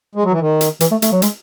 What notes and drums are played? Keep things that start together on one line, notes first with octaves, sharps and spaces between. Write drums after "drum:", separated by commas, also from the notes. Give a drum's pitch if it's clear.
G#3
F#3
E3
D#3
drum: hi-hat
E3, drum: hi-hat
A3
A3, drum: hi-hat
F#3
G#3, drum: hi-hat